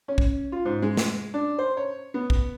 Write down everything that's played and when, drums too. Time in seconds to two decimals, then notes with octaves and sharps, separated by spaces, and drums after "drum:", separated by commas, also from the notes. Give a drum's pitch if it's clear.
0.08 C#4
0.18 drum: kick
0.52 F4
0.65 G#2
0.82 G#3
0.97 drum: snare
1.34 D4
1.59 C5
1.77 C#5
2.14 B3
2.30 drum: kick